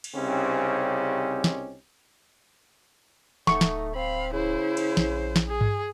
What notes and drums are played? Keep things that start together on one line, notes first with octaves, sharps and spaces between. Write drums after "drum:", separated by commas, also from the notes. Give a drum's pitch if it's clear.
drum: cymbal
C2 C#3 C4 C#4 D#4 G4
drum: snare
D1 A3 D#4 C#6, drum: snare
drum: snare
C4 F5 B5
C#3 E4 C5
drum: cymbal
A#1, drum: snare
drum: snare
G#4
drum: tom G2